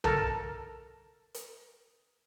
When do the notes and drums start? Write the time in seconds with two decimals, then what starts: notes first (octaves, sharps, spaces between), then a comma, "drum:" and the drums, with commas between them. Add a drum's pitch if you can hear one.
0.04 A4 A#4 A5, drum: tom
1.34 drum: hi-hat